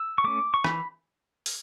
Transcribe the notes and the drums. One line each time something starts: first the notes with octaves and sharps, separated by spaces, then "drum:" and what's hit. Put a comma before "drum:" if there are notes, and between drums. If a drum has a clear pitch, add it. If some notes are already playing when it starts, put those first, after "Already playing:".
Already playing: E6
C#6
A3 C#4 D6
C#6
E3 B5, drum: rim click
drum: open hi-hat